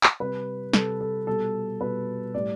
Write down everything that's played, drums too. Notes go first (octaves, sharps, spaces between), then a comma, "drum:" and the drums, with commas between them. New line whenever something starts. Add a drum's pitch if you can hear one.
drum: clap
C3 G3 B4
C3 G3 A4, drum: snare
A4
B2 G3 A4
B2 G3 B4
A2 G3 D5